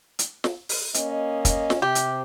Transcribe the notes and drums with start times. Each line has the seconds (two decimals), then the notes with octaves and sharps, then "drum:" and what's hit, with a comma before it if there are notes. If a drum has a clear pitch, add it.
0.19 drum: hi-hat
0.44 drum: snare
0.69 drum: open hi-hat
0.94 A#3 C#4 D#5, drum: hi-hat
1.45 drum: kick, hi-hat
1.70 drum: snare
1.82 C3 G4
1.95 drum: hi-hat